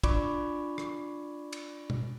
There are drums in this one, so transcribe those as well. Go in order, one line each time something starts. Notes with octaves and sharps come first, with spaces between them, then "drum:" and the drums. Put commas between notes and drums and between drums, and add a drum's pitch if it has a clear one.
D4 F4 D5 B5 C#6 D6, drum: kick, cymbal
drum: rim click
drum: cymbal
drum: tom